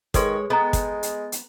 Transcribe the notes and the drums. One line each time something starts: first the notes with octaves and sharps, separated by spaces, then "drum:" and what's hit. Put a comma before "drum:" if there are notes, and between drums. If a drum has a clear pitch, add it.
D#3 G#3 A4 B4 C#5 C#6, drum: kick, hi-hat
G#3 B3 A4 G5 A#5
drum: kick, hi-hat
drum: hi-hat
drum: hi-hat